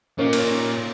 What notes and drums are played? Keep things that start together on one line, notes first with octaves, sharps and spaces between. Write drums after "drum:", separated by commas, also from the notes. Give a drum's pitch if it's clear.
A#2 C#4 D#4 A#4
drum: cymbal